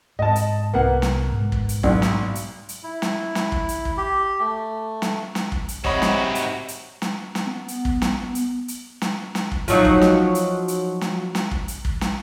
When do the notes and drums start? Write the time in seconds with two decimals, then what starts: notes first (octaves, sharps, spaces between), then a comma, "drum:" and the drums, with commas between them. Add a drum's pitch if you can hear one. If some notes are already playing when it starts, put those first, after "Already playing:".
0.19 G#2 D#5 A5
0.36 drum: hi-hat
0.74 C2 A#3 B3 F#5
1.02 drum: snare
1.31 G#2
1.52 drum: kick
1.69 drum: hi-hat
1.83 B1 D4, drum: kick
2.02 drum: snare
2.35 drum: hi-hat
2.69 drum: hi-hat
2.83 E4
3.02 drum: snare
3.35 drum: snare
3.52 drum: kick
3.69 drum: hi-hat
3.85 drum: kick
3.97 G4
4.40 A3
5.02 drum: snare
5.35 drum: snare
5.52 drum: kick
5.68 drum: hi-hat
5.85 G#2 C3 F#4 C#5 D#5 B5, drum: kick
6.02 drum: snare
6.35 drum: hi-hat
6.68 drum: hi-hat
7.02 drum: snare
7.35 drum: snare
7.46 B3
7.68 drum: hi-hat
7.85 drum: kick
8.02 drum: snare
8.35 drum: hi-hat
8.68 drum: hi-hat
9.02 drum: snare
9.35 drum: snare
9.52 drum: kick
9.68 F3 F#3 D#4, drum: hi-hat
9.85 drum: kick
10.01 drum: snare
10.35 drum: hi-hat
10.68 drum: hi-hat
11.01 drum: snare
11.35 drum: snare
11.51 drum: kick
11.68 drum: hi-hat
11.85 drum: kick
12.01 drum: snare